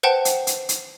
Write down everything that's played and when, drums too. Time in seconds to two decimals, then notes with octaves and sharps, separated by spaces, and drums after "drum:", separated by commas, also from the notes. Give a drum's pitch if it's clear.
0.03 B4 C5 F#5 G5 A5
0.25 drum: hi-hat
0.47 drum: hi-hat
0.69 drum: hi-hat